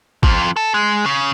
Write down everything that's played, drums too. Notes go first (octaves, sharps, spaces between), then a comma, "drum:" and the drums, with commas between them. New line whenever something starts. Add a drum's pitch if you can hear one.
F2 F3, drum: kick
A4
G#3
C#3